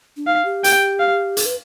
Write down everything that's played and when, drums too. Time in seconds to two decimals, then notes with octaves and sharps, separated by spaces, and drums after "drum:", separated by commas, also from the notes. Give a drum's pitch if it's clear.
0.17 D4
0.27 D#4 F5
0.45 G4
0.64 G5, drum: hi-hat
1.00 F5
1.37 G#4, drum: hi-hat
1.46 B4